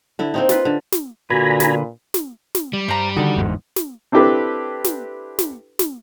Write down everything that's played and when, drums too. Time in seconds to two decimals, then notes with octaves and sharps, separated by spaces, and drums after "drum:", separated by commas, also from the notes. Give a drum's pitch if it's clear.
0.19 D3 E4
0.34 A#3 C4 D#4
0.49 F4 B4, drum: snare
0.65 D3
0.92 drum: snare
1.30 A#2 D3 F#4 B4 G#5 A#5 B5
1.60 drum: snare
2.14 drum: snare
2.55 drum: snare
2.73 G3
2.88 G2 C5 A#5
3.17 D3 D#3 F#4 A4 D#6
3.36 G1 E2 G#2
3.76 drum: snare
4.12 C4 D4 E4 G4 A4 B4
4.84 drum: snare
5.39 drum: snare
5.79 drum: snare